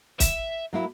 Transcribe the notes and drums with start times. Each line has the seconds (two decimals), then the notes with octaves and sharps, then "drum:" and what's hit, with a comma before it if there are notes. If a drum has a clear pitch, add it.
0.20 E5, drum: kick, hi-hat
0.73 F#3 A#3 E4